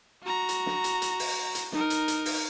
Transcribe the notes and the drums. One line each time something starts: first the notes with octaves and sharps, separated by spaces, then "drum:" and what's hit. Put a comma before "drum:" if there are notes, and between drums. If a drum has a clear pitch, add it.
F#4 A#5
drum: hi-hat
drum: snare
drum: hi-hat
drum: hi-hat
drum: open hi-hat
drum: hi-hat
D#4 A#4, drum: snare
drum: hi-hat
drum: hi-hat
drum: open hi-hat